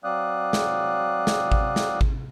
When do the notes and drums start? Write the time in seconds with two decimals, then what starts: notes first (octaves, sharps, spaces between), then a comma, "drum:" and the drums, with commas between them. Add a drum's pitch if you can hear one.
0.04 F#3 C4 D5 F5 D#6 F#6
0.53 drum: snare
1.27 drum: snare
1.52 drum: kick G#1
1.76 drum: snare
2.01 drum: kick G#1